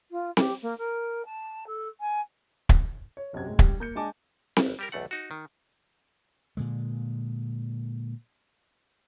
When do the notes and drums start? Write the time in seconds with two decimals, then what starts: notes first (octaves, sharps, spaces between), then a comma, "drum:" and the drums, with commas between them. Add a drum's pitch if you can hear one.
0.11 F4
0.37 G4, drum: snare C4
0.62 A#3
0.78 A#4
1.25 A5
1.66 A4
2.00 G#5
2.69 drum: kick
3.17 C#5
3.33 F#1 B1 F#2 C3 G#6
3.46 A2 G#3
3.59 G3, drum: kick
3.80 A#3 G6 C#7
3.95 G#3 D4 D#5 G#5 A5 D6
4.57 drum: snare C4
4.66 G#1
4.79 G3 G4 A#4
4.92 B1 E2 A3 F#5
5.11 D#4 F#4
5.31 D#3
6.57 A#2 D3 G#3